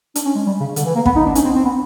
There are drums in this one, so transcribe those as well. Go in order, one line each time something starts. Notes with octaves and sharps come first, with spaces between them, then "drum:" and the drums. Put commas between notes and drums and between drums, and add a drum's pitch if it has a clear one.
D4, drum: hi-hat
C#4
G#3
G3
C#3
D3, drum: hi-hat
E3
A#3
B3, drum: kick
D#4
D4
C#4, drum: hi-hat
C4
C4
B3